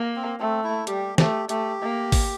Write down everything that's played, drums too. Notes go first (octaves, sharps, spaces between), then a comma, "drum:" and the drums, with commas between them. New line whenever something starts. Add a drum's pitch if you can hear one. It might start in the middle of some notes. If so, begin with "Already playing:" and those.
Already playing: A#3
C4
A3 C4
E4
G3 G4, drum: hi-hat
A3 G4, drum: snare
A3 G4, drum: hi-hat
A#3
drum: kick, open hi-hat